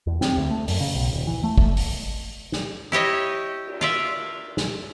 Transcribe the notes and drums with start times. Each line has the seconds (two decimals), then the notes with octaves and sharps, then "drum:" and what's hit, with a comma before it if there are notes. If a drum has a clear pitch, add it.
0.07 E2
0.21 C4, drum: snare
0.37 D2
0.51 A3
0.68 F#2, drum: open hi-hat
0.80 C#3
0.95 B1
1.11 D#1
1.27 E3
1.43 A3
1.58 A3, drum: kick
1.77 drum: open hi-hat
2.52 drum: snare
2.92 E4 G4 C#5 D#5
3.67 drum: cymbal
3.81 F4 D5 E5
4.57 drum: snare